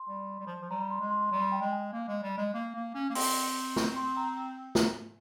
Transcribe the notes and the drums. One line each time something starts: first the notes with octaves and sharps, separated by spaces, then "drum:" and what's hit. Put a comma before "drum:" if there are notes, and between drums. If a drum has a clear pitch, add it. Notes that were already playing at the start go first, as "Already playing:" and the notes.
Already playing: C6
G3
G3
F3
F3
G3 A#5
C6
G#3
C6
G3 C6
G5
G#3
G#5
A#3
G#3
G3
G#3
A#3
A#3
C#4
A#3
C4 C6, drum: open hi-hat
C#6, drum: snare
C6
A#5
drum: snare